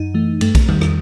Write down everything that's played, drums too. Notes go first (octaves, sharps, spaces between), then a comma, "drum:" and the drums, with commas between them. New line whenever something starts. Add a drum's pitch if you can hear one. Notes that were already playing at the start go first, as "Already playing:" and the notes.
Already playing: F#2 D#4
E3 A3
G2 A3, drum: cymbal
drum: kick A#1, cymbal
D#3 G3, drum: tom E2
drum: rim click